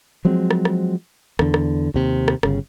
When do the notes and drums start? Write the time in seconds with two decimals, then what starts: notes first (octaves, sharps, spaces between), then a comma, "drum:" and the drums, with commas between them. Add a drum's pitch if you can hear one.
0.25 F3 F#3 G#3 C4
0.51 drum: rim click
0.65 drum: rim click
1.39 E2 D3, drum: rim click
1.54 drum: rim click
1.94 D#2 C3
2.28 drum: rim click
2.43 G1 C#3, drum: rim click